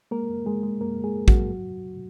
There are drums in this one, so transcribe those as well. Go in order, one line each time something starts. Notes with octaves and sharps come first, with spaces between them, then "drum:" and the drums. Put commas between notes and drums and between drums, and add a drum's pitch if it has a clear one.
G#3 A#3 A#4
F#2
F#2 G#3 G#4
G#3
F#2 A#3 A#4
F#2 G#3 G#4
G#3
F#3 F#4, drum: kick A1
F#2
D#2
D#2